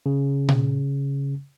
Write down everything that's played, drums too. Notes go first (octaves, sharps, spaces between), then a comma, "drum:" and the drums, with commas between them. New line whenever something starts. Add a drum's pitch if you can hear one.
C#3
drum: tom A#2